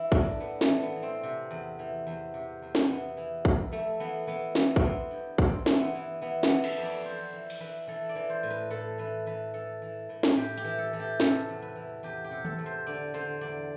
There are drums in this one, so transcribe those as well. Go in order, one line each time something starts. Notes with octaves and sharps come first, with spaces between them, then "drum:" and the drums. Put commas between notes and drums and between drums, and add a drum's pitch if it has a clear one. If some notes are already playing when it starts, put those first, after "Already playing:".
Already playing: E3 E4
A2 D4, drum: kick
A2 B3
A3, drum: snare
E3
B3
E3
C4
C3
E2
E3
E2
C3
E2
drum: snare
E3 B3
E3
F2, drum: kick
F2 A3
E3 B3
E3 B3
E3, drum: snare
C4, drum: kick
E3 B3
G2
G2 C4, drum: kick
E3, drum: snare
B3
E3
E3 B3
B3, drum: snare
E3
A4, drum: cymbal
F2
D5
F2 C5
E3
drum: cymbal
E3 B4
E3 A4
D5
E3
C5
A2
B4
A2 A4
E3 B4
E3 B4
E3 A4
E3
A2
drum: snare
A2 G4
G4, drum: hi-hat
E3
A4
E3
G4
C3 A4, drum: snare
E2
B4
E3
E2 G4
G4
C3
A4, drum: tom
E2
C5
D3 D5
D3 C5
E2 D5